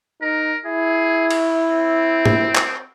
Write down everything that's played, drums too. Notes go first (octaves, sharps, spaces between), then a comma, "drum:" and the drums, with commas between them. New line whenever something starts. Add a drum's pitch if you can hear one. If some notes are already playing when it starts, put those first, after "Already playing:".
D#4 A#4
E4 G#4
drum: cymbal
C4
drum: tom
drum: clap